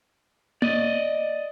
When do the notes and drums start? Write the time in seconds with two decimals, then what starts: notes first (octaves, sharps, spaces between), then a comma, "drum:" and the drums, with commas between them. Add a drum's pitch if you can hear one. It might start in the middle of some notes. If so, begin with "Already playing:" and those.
0.62 D5 D#5, drum: tom A#3